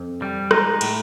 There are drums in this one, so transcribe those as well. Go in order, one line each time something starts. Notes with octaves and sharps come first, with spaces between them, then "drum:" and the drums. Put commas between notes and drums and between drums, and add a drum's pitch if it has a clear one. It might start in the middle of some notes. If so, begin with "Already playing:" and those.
Already playing: F2
G3
G#3 D#4, drum: rim click
A2, drum: cymbal